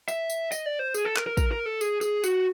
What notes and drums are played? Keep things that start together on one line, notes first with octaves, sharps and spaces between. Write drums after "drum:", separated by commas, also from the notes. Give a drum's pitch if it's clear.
E5, drum: tambourine
drum: tambourine
D#5, drum: tambourine
D5
C5
G#4, drum: tambourine
A4
A#4, drum: clap
A#4
A#4, drum: kick, tambourine
A#4
A4
G#4, drum: tambourine
G#4, drum: tambourine
F#4, drum: tambourine